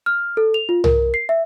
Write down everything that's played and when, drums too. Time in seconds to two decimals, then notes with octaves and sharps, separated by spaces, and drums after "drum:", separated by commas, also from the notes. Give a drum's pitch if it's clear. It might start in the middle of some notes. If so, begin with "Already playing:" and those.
0.06 F6
0.37 A4
0.54 F7
0.69 F4
0.84 A#4, drum: tom C2
1.14 C7
1.29 E5